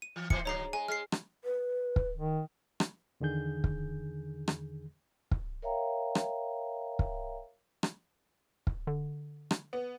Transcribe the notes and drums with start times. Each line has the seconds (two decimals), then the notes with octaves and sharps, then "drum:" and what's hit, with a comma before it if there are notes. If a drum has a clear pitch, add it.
0.02 D#7
0.16 E3
0.30 A2 E3 C5 C#7, drum: kick
0.45 D3 F#3 G#3 C#5 A#5 C7
0.73 G#3 G#5
0.88 G#3 F6 C7
1.12 drum: rim click
1.44 B4
1.96 drum: kick
2.17 D#3
2.80 drum: rim click
3.20 E2 D3 D#3 G#4 G6
3.64 drum: kick
4.48 drum: rim click
5.31 drum: kick
5.62 A#4 C#5 E5 F5 G5 A#5
6.15 drum: rim click
6.99 drum: kick
7.83 drum: rim click
8.67 drum: kick
8.87 D3
9.51 drum: rim click
9.73 B3